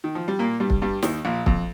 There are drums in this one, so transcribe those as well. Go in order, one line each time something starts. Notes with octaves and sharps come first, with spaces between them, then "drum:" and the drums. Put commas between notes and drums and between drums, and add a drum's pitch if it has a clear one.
D#3
F3
G3
A#2 A#3
G2 G3
drum: kick
G2 G3
D#2 D#3, drum: snare
A#1 A#2
F2, drum: kick